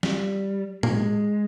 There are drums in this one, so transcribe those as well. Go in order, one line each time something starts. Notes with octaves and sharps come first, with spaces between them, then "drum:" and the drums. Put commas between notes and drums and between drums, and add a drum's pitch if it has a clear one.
G3, drum: snare
A#3, drum: tom A2
G#3